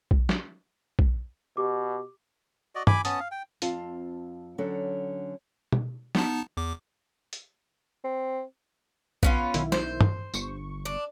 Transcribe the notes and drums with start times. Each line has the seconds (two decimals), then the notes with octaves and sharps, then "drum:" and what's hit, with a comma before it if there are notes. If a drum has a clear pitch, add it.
0.11 drum: kick A#1
0.29 drum: snare
0.99 drum: kick A#1
1.57 B2 G4 D6
2.75 F#4 D5 D#5
2.87 G#5 B5 D6, drum: tom
3.05 B3 C#4 A5 D#6, drum: hi-hat
3.20 F5
3.31 G5
3.62 F2 C4 F4 A5, drum: hi-hat
4.58 D3 F#3 C#4 A4
5.72 drum: tom B2
6.15 B3 D#4 A5, drum: snare
6.57 E2 D6
7.33 drum: hi-hat
8.04 C4
9.23 B3 C#4 F4, drum: kick A#1
9.54 B1 D#3 E4, drum: hi-hat
9.72 C5, drum: snare
10.01 drum: tom
10.34 G1 C#6, drum: tambourine
10.85 D4